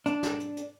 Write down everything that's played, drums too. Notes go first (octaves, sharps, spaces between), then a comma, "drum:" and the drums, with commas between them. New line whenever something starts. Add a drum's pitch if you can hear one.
D4, drum: hi-hat
drum: snare
drum: hi-hat
drum: hi-hat